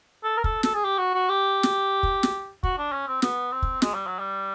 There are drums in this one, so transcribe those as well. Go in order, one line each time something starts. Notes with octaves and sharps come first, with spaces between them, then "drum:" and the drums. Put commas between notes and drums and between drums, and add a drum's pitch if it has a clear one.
A4
A#4
A4, drum: kick
A4, drum: snare
G#4
G4
F#4
F#4
G4
drum: snare
drum: kick
drum: snare
F#4, drum: kick
D4
C#4
C4
B3, drum: snare
C4
drum: kick
G#3, drum: snare
G3
F#3
G3